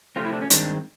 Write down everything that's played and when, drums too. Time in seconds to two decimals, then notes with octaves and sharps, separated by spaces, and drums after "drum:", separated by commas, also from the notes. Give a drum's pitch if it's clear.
0.16 C3 F3 A3 C4 F4
0.25 E4
0.33 D4
0.42 C#4
0.50 G2 D#3 G#3 C4 D4, drum: hi-hat